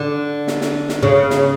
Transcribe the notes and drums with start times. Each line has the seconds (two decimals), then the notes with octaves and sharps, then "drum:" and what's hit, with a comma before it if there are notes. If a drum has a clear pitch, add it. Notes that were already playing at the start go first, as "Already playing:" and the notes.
Already playing: D3
0.47 drum: snare
0.61 drum: snare
0.89 drum: snare
1.03 C#3
1.30 drum: snare